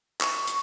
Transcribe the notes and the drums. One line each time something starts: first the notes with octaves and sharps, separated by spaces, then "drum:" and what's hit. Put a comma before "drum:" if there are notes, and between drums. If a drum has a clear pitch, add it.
C#6, drum: clap
drum: hi-hat